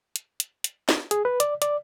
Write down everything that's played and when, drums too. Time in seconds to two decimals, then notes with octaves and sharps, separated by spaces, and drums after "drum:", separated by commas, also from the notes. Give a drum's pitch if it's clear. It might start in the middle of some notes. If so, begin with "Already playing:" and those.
0.16 drum: hi-hat
0.40 drum: hi-hat
0.64 drum: hi-hat
0.89 drum: snare
1.11 G#4, drum: hi-hat
1.25 B4
1.40 D5, drum: hi-hat
1.62 D5, drum: hi-hat